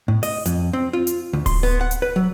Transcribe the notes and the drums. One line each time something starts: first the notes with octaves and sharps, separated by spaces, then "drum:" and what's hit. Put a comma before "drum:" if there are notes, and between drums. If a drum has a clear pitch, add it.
A2
D#5, drum: open hi-hat
F2, drum: hi-hat
C4
F4
drum: hi-hat
D2
C6, drum: kick D1, open hi-hat
B3
F#5
drum: hi-hat
B4
F#3